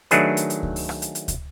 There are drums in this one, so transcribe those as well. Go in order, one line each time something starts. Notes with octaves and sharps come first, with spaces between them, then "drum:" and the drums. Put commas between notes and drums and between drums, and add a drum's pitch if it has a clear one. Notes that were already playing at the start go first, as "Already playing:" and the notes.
D#3 F#3 A3 D4 G#4 B4, drum: hi-hat
drum: hi-hat
drum: hi-hat
drum: kick C#2
drum: open hi-hat
drum: rim click
drum: hi-hat
drum: hi-hat
drum: kick C#2, hi-hat